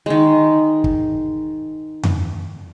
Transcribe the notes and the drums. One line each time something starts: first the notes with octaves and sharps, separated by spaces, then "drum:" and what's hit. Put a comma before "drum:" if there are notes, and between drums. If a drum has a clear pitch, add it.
D#3 G#3
drum: kick
drum: tom F2